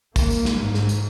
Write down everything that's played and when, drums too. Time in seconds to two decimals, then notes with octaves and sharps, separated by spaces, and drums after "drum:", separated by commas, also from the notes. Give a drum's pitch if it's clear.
0.16 A#3, drum: kick, tambourine
0.31 drum: tambourine
0.45 drum: snare
0.55 G#2
0.74 drum: snare
0.89 drum: tambourine